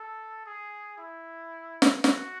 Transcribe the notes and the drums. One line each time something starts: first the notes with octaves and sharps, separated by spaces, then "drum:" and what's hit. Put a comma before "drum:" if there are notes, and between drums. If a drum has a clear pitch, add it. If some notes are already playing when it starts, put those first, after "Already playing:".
Already playing: A4
G#4
E4
drum: snare
F#4, drum: snare